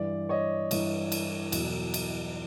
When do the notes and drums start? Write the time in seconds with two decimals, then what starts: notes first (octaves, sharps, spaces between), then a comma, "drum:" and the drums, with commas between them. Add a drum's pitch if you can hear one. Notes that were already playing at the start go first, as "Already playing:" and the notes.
Already playing: G2 E3 D5
0.29 C#5 D#5
0.71 G2 E3, drum: cymbal
1.12 drum: cymbal
1.52 E2 B2 F#3, drum: cymbal
1.94 drum: cymbal